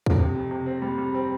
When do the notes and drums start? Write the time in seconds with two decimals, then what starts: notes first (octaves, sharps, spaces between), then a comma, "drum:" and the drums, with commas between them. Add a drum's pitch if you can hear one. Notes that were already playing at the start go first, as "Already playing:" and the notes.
0.06 drum: kick
0.19 C3
0.34 F2
0.51 C3
0.66 C4
0.82 G3
0.98 G3
1.14 C4